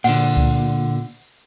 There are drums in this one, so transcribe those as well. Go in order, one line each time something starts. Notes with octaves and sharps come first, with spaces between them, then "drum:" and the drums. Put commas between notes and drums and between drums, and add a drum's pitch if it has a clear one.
A#2 D3 F#5, drum: open hi-hat
drum: kick C#2